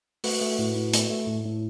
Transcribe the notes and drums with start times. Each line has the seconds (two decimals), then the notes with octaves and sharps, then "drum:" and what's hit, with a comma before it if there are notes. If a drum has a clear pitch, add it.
0.24 A3 F#4 B4, drum: open hi-hat
0.41 A3
0.59 A2
0.76 A2
0.93 A3, drum: hi-hat
1.10 A3
1.27 A2
1.45 A2